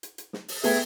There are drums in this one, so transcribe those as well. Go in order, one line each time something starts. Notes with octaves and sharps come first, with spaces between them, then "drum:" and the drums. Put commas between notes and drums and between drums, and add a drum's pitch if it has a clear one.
drum: hi-hat
drum: hi-hat
drum: snare
drum: open hi-hat
A3 B3 G#4 E5 G5 G#6, drum: open hi-hat